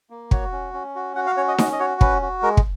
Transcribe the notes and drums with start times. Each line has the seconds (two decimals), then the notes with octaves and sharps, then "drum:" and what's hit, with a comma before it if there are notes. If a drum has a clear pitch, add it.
0.10 A#3
0.31 F#4 C#5, drum: kick
0.52 C#4
0.74 C#4
0.95 F#4
1.16 F#4 F#5
1.27 F5
1.37 C#4 C#5
1.48 D#5
1.58 C#4 D#5, drum: snare D#4
1.72 D#5
1.80 F#4 C#5
2.01 C#4 B4, drum: kick
2.22 F#4
2.43 G#3 A#4
2.57 drum: kick